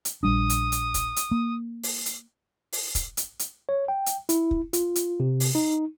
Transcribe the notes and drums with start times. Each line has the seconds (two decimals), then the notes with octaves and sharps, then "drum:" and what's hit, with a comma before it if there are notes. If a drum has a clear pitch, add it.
0.05 drum: hi-hat
0.23 A#1 G3 D4 D#6
0.50 drum: hi-hat
0.72 drum: hi-hat
0.94 drum: kick, hi-hat
1.16 drum: hi-hat
1.31 A#3
1.83 drum: open hi-hat
2.06 drum: hi-hat
2.73 drum: open hi-hat
2.95 drum: kick, hi-hat
3.17 drum: hi-hat
3.39 drum: hi-hat
3.69 C#5
3.88 G5
4.06 drum: hi-hat
4.29 E4, drum: hi-hat
4.51 drum: kick
4.73 F4, drum: hi-hat
4.96 drum: hi-hat
5.20 C3
5.40 drum: open hi-hat
5.55 D#4